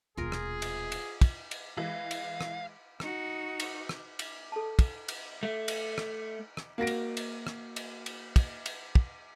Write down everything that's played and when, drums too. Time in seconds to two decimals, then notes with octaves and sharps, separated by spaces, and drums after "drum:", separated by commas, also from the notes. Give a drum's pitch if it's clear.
0.17 D#1 B2 F4 G#4 A#4
0.32 drum: rim click
0.62 drum: cymbal
0.92 drum: cymbal
1.21 drum: kick, cymbal
1.51 drum: cymbal
1.77 E3 G#3 F5
2.11 drum: cymbal
2.41 drum: rim click
3.00 D#4 F#4, drum: rim click
3.60 drum: cymbal
3.89 drum: rim click
4.19 drum: cymbal
4.52 A4 A5
4.79 drum: kick, cymbal
5.08 drum: cymbal
5.43 A3
5.68 drum: cymbal
5.98 drum: rim click
6.57 drum: rim click
6.78 A#3 F#4 A#6 D7
6.87 drum: cymbal
7.17 drum: cymbal
7.47 drum: rim click
7.76 drum: cymbal
8.06 drum: cymbal
8.36 drum: kick, cymbal
8.66 drum: cymbal
8.95 drum: kick